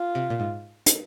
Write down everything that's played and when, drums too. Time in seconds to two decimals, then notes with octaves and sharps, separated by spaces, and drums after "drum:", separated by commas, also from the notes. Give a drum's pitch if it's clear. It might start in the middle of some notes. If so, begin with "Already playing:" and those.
Already playing: F4
0.15 C3
0.30 A#2
0.40 G#2
0.86 drum: hi-hat